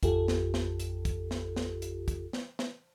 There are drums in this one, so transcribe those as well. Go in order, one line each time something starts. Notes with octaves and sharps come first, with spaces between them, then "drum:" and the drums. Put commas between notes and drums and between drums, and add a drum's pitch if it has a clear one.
A1 F2 F4 G4 A4, drum: kick, hi-hat
drum: snare
drum: snare
drum: hi-hat
drum: kick, hi-hat
drum: snare
drum: snare
drum: hi-hat
drum: kick, hi-hat
drum: snare
drum: snare